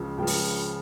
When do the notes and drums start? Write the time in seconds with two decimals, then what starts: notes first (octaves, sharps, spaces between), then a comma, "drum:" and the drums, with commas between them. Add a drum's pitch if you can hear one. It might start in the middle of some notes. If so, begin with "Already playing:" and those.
Already playing: C#2 C#3 F3
0.18 C#2 C#3 F3 G5
0.27 drum: open hi-hat